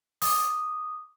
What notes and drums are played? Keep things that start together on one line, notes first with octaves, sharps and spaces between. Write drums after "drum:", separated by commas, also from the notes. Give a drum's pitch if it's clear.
D6 D#6, drum: open hi-hat